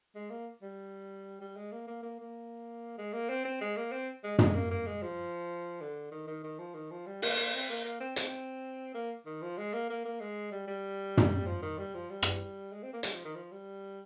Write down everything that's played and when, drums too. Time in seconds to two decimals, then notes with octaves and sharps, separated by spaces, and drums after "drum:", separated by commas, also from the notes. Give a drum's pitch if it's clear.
0.15 G#3
0.30 A#3
0.62 G3
1.41 G3
1.56 G#3
1.72 A#3
1.87 A#3
2.03 A#3
2.20 A#3
2.98 G#3
3.13 A#3
3.29 C4
3.45 C4
3.61 G#3
3.77 A#3
3.92 C4
4.24 G#3
4.39 G#3, drum: tom
4.55 A#3
4.71 A#3
4.86 G#3
5.03 F3
5.81 D3
6.11 D#3
6.27 D#3
6.44 D#3
6.59 F3
6.74 D#3
6.91 F3
7.06 G3
7.22 A#3, drum: open hi-hat
7.37 A#3
7.54 C4
7.69 A#3
7.85 A#3
8.00 C4
8.16 C4, drum: hi-hat
8.94 A#3
9.26 D#3
9.42 F3
9.58 G#3
9.73 A#3
9.90 A#3
10.05 A#3
10.20 G#3
10.52 G3
10.67 G3
11.17 drum: tom
11.46 F3
11.62 D#3
11.78 G3
11.94 F3
12.10 G3
12.22 drum: rim click
12.72 G#3
12.83 C4
12.93 A#3
13.03 G3, drum: hi-hat
13.14 F3
13.25 D#3
13.35 F3
13.51 G3